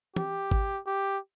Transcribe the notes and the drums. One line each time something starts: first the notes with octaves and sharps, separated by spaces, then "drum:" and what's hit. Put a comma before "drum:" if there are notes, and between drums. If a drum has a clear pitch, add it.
G4, drum: tom
drum: kick G#1
G4